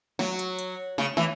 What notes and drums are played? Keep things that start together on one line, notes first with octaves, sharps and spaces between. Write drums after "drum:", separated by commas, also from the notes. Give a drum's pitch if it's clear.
F#3, drum: snare
drum: hi-hat
drum: hi-hat
C#3, drum: snare
E3, drum: snare